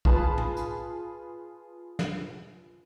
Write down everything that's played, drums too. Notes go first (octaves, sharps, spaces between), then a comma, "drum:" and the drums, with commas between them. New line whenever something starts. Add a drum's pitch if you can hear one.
F4 G#4 B4 A5 B5, drum: kick
drum: tom
drum: hi-hat
drum: snare